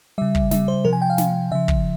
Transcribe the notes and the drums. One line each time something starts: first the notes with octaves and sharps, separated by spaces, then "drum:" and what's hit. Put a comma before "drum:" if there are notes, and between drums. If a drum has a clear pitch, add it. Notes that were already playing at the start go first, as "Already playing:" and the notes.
C#3 G3 E5
drum: kick
C#3 G3 E5, drum: snare
C5
C3 F3 A#4
G#5
G5
F5
C3 F3, drum: snare
C#3 F3 E5
drum: kick